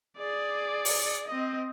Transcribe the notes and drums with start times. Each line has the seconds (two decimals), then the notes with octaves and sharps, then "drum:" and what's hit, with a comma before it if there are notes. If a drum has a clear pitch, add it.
0.18 G#4 D5
0.85 drum: open hi-hat
1.28 C4 D#5